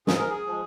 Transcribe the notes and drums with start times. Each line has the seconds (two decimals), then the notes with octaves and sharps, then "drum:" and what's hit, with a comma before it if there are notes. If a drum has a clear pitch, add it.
0.07 G#2 G#4, drum: snare
0.19 A#4
0.30 G#4
0.47 F3 G#3